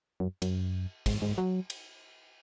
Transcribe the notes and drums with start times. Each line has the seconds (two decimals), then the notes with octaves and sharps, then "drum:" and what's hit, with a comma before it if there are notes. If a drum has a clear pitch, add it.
0.20 F#2
0.42 F#2, drum: cymbal
1.06 G#2, drum: kick, cymbal
1.22 G#2
1.38 F#3
1.70 drum: cymbal